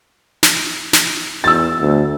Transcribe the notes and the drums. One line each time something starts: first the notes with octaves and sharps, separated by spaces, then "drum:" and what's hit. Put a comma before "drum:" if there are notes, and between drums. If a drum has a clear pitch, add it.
drum: snare
drum: snare
E2 E6 A6
D2